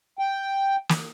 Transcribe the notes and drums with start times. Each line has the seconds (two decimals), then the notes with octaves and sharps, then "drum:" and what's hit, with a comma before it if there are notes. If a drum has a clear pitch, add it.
0.19 G5
0.89 drum: snare